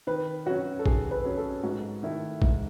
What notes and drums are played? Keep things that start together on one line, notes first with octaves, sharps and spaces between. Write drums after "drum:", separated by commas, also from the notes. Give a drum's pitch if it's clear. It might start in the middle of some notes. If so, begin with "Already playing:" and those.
D#3 B4
F#3 C#4 F#4
A4
D#3 G#4, drum: kick A1
B4
F#3 C#4
A4
G#2 F#4
D#3 A3 E4 A4
G#2, drum: kick A1